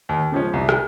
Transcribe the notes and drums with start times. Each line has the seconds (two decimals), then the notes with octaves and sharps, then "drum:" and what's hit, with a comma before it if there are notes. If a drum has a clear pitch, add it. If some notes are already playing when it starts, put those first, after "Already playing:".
0.09 D#2
0.32 C#3 F3 G#3 C#4
0.53 C2
0.69 drum: rim click